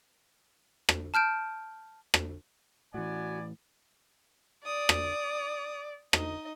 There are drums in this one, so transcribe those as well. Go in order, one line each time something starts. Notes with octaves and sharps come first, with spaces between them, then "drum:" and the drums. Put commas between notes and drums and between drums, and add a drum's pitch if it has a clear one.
drum: rim click
A5 F6 G6 D7
drum: rim click
A2 E3 B3 F#4 D5 G#5
D5 D#6
drum: rim click
D#4 D#5, drum: rim click